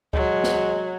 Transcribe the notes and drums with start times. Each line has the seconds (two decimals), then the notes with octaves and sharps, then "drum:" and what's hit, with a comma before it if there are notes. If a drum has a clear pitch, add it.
0.13 F#3 G#3, drum: kick C#2
0.44 drum: snare